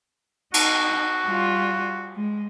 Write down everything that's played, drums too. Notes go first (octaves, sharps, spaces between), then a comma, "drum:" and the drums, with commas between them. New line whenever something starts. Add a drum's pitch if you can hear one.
D#4 F#4, drum: cymbal
G3 F4
G#3